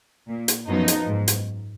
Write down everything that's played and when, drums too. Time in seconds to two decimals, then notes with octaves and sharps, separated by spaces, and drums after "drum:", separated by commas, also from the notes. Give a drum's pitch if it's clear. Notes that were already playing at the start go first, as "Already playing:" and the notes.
0.28 A#2
0.48 drum: hi-hat
0.68 F#2 F3 B3 D#4
0.88 drum: hi-hat
1.08 G#2
1.28 drum: hi-hat